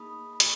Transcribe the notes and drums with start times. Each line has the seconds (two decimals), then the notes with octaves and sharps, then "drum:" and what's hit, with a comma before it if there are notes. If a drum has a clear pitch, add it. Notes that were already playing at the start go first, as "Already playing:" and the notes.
Already playing: A#3 D#4 G#4 B5 D#6
0.33 B5
0.40 C#6, drum: hi-hat